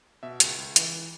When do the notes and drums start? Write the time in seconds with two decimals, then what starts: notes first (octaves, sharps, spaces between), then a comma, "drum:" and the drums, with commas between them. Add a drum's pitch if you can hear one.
0.23 B2 E5
0.40 C#2, drum: hi-hat
0.58 C#2
0.76 E3, drum: hi-hat